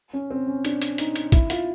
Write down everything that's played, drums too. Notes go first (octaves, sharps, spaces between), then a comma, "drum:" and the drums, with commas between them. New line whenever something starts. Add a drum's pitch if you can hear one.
C#4
C4
C#4
D4, drum: hi-hat
drum: hi-hat
D#4, drum: hi-hat
drum: hi-hat
E4, drum: kick A#1, hi-hat
F4, drum: hi-hat